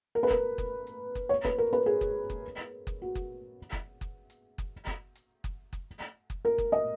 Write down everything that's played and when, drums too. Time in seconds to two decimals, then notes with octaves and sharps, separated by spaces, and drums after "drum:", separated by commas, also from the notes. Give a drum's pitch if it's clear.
0.15 A#4
0.23 B4
0.30 A#4, drum: kick F#1, hi-hat
0.58 drum: kick F#1, hi-hat
0.87 drum: hi-hat
1.15 drum: kick F#1, hi-hat
1.29 C#5
1.45 B4, drum: kick F#1, hi-hat
1.58 A#4
1.73 B4, drum: hi-hat
1.86 G#4
2.01 drum: kick F#1, hi-hat
2.30 drum: kick F#1
2.58 drum: hi-hat
2.87 drum: kick F#1, hi-hat
3.02 F#4
3.15 drum: kick F#1, hi-hat
3.73 drum: kick F#1, hi-hat
4.01 drum: kick F#1, hi-hat
4.30 drum: hi-hat
4.58 drum: kick F#1, hi-hat
4.87 drum: kick F#1, hi-hat
5.15 drum: hi-hat
5.44 drum: kick F#1, hi-hat
5.73 drum: kick F#1, hi-hat
6.01 drum: hi-hat
6.30 drum: kick F#1
6.45 A#4
6.58 drum: kick F#1, hi-hat
6.72 D#5